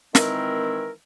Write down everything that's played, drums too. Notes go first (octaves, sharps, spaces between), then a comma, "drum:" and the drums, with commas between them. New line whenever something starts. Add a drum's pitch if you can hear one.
D#3 E3 G#3 C4 E4 A#4, drum: snare